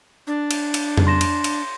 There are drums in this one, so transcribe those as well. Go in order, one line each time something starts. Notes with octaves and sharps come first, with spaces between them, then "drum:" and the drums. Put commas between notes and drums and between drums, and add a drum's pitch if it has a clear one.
D4
drum: cymbal
drum: cymbal
drum: tom
C6 A#6 E7
drum: cymbal
drum: cymbal